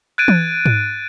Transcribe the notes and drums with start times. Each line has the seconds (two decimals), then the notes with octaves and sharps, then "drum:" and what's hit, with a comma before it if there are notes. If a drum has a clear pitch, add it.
0.18 F#6 G#6 A6 D7 D#7
0.28 drum: tom E3
0.66 drum: tom G#2